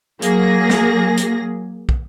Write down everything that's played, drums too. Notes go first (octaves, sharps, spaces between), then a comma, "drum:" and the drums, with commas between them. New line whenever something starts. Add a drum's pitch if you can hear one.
F#3 A#3 G#4 A#6, drum: hi-hat
drum: snare
drum: hi-hat
drum: kick